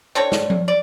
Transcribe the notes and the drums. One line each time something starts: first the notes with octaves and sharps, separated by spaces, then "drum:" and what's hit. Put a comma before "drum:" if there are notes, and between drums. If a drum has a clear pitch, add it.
C4 D4 A4 C#5
drum: snare
drum: tom F3
D5